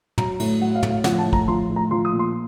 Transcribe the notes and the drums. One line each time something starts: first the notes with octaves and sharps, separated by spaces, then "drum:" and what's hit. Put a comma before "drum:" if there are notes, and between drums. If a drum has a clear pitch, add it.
F#3 A#5, drum: tom
A2, drum: cymbal
F#3 F#5
F5
A2, drum: tom
F5
F3 F#5, drum: snare
A5
A2
A#5, drum: kick
F3 C6
A2
A#5
F3 C6
D#6
A#2
C6